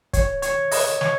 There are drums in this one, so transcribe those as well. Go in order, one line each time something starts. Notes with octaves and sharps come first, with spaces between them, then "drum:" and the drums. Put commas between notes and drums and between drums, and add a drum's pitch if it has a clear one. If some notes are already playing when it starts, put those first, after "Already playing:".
C#5, drum: kick, hi-hat
C#5, drum: hi-hat
D#5, drum: open hi-hat
C#5, drum: snare